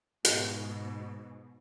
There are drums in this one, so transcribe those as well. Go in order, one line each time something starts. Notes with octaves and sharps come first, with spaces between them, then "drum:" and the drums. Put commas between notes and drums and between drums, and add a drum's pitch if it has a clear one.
G#2 B2, drum: hi-hat